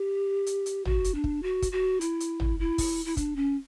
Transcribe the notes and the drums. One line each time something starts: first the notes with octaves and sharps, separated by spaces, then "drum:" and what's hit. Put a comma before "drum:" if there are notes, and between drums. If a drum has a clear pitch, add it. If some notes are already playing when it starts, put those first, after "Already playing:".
Already playing: G4
drum: hi-hat
drum: hi-hat
F#4, drum: tom
drum: hi-hat
D4
drum: kick
F#4
drum: kick, hi-hat
F#4
E4, drum: hi-hat
drum: hi-hat
drum: tom
E4
drum: kick, open hi-hat
E4
D4, drum: kick, hi-hat
C#4